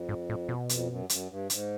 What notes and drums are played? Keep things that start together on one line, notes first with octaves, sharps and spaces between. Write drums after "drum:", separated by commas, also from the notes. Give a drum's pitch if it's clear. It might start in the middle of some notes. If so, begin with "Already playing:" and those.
Already playing: F2
G#2
A2
B2
F2, drum: hi-hat
F#2
F#2, drum: hi-hat
G2
G#2, drum: hi-hat